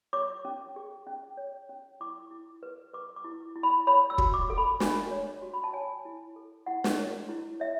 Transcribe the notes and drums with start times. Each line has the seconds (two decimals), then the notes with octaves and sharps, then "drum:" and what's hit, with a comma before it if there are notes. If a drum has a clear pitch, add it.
0.13 C#5 D6
0.45 C#4
0.76 G#4
1.07 C#4
1.37 C#5
1.69 C#4
2.00 E4 D6
2.31 E4
2.63 B4
2.94 B4 D6
3.16 D6
3.24 E4
3.56 E4
3.63 B5
3.87 C#5 B5
4.10 E6
4.18 F#4, drum: kick
4.34 D6
4.50 A4
4.58 B5
4.80 F#4 G#5, drum: snare
5.11 C#5
5.42 F#4
5.54 B5
5.64 A5
5.73 C#5 G#5
6.05 E4
6.36 A4
6.66 E4 F#5
6.84 drum: snare
6.98 C#5
7.29 E4
7.60 C#5 E5